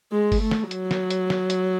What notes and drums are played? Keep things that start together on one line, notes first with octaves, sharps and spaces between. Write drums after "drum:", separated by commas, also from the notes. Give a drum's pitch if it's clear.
G#3
drum: kick, open hi-hat
A3
drum: snare
F#3, drum: hi-hat
drum: snare
drum: hi-hat
drum: snare
drum: hi-hat